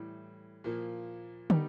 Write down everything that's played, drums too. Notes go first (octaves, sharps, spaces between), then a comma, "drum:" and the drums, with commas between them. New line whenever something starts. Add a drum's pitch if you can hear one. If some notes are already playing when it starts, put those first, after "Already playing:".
Already playing: A2 E3 G3
A#2 F3 A#3
D#3 G3 B3 D#4 G4, drum: tom